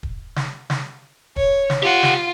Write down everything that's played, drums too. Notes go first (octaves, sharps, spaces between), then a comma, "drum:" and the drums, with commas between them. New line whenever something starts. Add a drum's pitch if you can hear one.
drum: kick
drum: snare
drum: snare
C#5, drum: kick
drum: snare
F4 G4 F#5
drum: snare